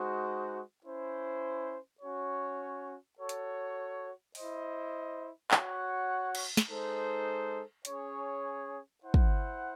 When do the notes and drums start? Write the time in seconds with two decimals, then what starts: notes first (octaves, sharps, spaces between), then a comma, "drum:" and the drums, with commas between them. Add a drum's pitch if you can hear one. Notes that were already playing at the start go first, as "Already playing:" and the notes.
Already playing: G#3 D#4 F#4 C5
0.85 C#4 E4 C5
2.01 C#4 F#4 C#5
3.17 F#4 A4 C#5
3.29 drum: hi-hat
4.35 E4 C5 D#5, drum: open hi-hat
5.51 F#4 C#5 F#5, drum: clap
6.35 drum: cymbal
6.57 drum: snare
6.68 G#3 D#4 A4 C5
7.85 C#4 G#4 C#5, drum: hi-hat
9.02 E4 C5 F#5
9.14 drum: kick